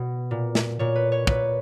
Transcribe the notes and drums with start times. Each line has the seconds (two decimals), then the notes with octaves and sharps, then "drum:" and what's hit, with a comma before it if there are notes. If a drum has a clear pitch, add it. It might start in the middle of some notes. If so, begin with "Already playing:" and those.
Already playing: B2
0.31 A#2
0.55 drum: snare
0.79 A#2 C#5
0.95 B4
1.12 C#5
1.27 A#2 B4, drum: kick